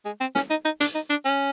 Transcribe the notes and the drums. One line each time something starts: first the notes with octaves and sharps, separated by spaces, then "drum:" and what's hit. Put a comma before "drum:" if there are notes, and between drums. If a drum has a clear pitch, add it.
G#3
C4
C#4, drum: snare
D#4
D#4
D4, drum: hi-hat
D#4
D4
C#4